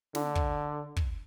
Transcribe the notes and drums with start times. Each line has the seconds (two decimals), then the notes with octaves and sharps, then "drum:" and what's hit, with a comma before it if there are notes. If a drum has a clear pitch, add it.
0.15 D3, drum: snare
0.35 drum: kick
0.96 drum: kick